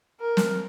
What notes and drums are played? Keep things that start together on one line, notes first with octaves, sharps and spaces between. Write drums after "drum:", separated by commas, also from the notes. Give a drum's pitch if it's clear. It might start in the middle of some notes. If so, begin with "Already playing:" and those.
A#4
drum: snare